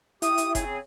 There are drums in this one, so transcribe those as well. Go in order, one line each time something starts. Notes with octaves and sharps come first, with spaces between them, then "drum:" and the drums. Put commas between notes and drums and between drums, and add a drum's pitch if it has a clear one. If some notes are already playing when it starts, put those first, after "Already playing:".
E4 G4 D#6, drum: hi-hat
drum: hi-hat
C#3 C4 G#4, drum: kick F#1, hi-hat